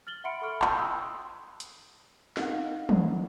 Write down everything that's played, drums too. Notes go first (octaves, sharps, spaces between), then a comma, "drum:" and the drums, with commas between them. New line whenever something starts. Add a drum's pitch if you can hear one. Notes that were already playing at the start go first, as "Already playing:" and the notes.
F6 A6 F#7 G7
E5 F#5 B5 C6 C#7 D7
A4 B5 C#6 F6
A5 C6 E6 F#6 G6, drum: clap
G5 B5 C6 D#6 E6 F#6
drum: hi-hat
D#4 F5 F#5, drum: snare
drum: tom